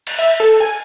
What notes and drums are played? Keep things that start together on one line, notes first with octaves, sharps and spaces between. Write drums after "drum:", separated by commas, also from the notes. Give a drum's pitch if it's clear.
drum: cymbal
E5
A4
G#5